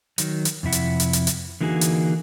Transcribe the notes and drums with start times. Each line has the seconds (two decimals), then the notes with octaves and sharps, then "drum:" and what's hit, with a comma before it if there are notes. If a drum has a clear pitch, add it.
0.18 D#3 F#3, drum: hi-hat
0.45 drum: hi-hat
0.63 F2 C3 E4 F#5
0.72 drum: hi-hat
1.00 drum: hi-hat
1.13 drum: hi-hat
1.27 drum: hi-hat
1.61 D3 E3 A#3 D#4 F#4 G#4
1.81 drum: hi-hat